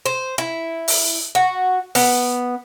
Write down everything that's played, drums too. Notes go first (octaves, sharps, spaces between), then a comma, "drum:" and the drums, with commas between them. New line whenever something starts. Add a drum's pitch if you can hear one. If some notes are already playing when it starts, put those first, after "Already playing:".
C5
E4
drum: open hi-hat
F#4
B3, drum: open hi-hat